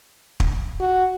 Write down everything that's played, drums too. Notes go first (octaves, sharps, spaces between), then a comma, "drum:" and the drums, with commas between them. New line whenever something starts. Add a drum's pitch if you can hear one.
drum: kick
F#4